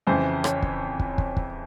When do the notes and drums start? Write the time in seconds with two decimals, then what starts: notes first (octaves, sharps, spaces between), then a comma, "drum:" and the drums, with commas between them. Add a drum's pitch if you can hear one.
0.07 F2 C#3 E3 C5
0.44 C#5, drum: rim click
0.62 drum: kick
1.00 drum: kick
1.18 drum: kick
1.37 drum: kick